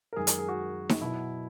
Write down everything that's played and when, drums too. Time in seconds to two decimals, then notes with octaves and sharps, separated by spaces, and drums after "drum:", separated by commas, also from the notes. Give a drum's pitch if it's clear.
0.13 A#4
0.16 F#2 D#3 G#3 G#4
0.27 A#4, drum: hi-hat
0.39 G#4
0.48 F#4
0.89 drum: snare D#4
1.01 B2 F#3 E4